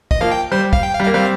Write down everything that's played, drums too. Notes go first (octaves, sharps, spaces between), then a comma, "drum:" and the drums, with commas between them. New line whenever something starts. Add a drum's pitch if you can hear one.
D#5, drum: kick
F3 A#3 F5
G5
G3 C5
F5, drum: kick
G5
F5
G3
F5
A#3
G3 C4 F5